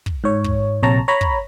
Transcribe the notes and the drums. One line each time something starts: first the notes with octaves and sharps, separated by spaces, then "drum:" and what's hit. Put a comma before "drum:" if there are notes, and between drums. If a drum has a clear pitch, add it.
drum: kick
G#2 C#5
drum: kick
A#1 C3 C#5 A5 A#5
C#5 A#5 B5
drum: kick